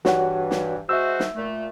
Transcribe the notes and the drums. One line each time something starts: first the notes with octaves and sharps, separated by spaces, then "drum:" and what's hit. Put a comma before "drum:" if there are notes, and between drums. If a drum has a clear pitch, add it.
G2 E3 F#4 C#5 F#5, drum: snare
drum: snare
G#3 F#4 C5 E5 E6
drum: snare
A#2 A3